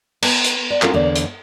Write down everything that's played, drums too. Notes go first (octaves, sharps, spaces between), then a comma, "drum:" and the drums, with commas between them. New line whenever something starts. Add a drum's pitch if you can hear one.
B3, drum: cymbal
drum: hi-hat
D5
C#4 F4 A4 A#4 F5 F#5, drum: clap
E2 D3 A#3 C#5 D5
drum: hi-hat